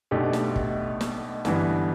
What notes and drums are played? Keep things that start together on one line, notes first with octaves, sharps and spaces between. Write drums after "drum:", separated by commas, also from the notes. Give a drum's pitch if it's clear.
B1 B2 A3 D4 G4
drum: snare
drum: kick
drum: snare
G1 G2 E3 B3, drum: snare